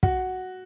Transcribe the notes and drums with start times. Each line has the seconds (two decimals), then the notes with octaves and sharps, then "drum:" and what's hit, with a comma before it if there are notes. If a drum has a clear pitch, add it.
0.03 F#4, drum: kick